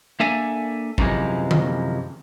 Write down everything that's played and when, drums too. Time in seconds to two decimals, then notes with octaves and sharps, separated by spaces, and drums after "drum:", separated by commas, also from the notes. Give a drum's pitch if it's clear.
0.20 A#3 D4 A4 E5 G#5
0.98 F#2 C3 E3 F3 G#3, drum: kick
1.51 drum: tom D3